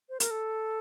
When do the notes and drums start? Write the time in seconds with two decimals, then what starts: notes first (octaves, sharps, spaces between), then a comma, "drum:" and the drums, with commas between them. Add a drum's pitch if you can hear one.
0.10 C5
0.20 A#4, drum: hi-hat
0.31 A4